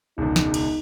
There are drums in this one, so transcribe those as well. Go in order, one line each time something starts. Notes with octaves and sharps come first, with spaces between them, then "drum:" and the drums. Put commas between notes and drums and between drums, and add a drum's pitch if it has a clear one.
E1 C#2 D#4
drum: snare
drum: cymbal